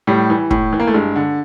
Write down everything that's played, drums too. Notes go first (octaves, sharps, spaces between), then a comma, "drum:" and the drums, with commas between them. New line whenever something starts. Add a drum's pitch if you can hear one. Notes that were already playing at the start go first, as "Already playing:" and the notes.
A2 G3
E3
A2, drum: kick
E3
A#3
A3
G2 G#3
D3